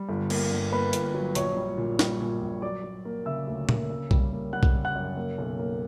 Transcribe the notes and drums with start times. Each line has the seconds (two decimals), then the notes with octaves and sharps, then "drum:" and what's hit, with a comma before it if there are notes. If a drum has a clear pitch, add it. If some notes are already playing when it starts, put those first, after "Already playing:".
Already playing: G3
0.09 G1
0.30 A#3, drum: cymbal
0.51 G2
0.72 A#3 B4 B5
0.93 G1, drum: hi-hat
1.14 F#3
1.35 A#1 C#5 C#6, drum: hi-hat
1.56 G3
1.77 A#2
1.99 G3, drum: snare
2.20 A#2
2.41 A#1
2.62 F#3 D5 D6
2.84 F#3
3.05 A#3
3.26 C#3 E5 E6
3.47 D2
3.69 A#3, drum: tom A#2
3.90 C#3
4.11 G3, drum: kick B1
4.32 A#3
4.53 G3 F#5 F#6
4.63 drum: kick B1
4.74 C#3
4.85 F#5 F#6
4.95 F#2
5.17 A#3
5.38 B1
5.59 A#3